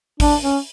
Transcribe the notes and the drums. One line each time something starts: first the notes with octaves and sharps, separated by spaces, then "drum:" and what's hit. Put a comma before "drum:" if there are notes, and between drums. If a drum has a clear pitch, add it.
D4, drum: kick, open hi-hat
C#4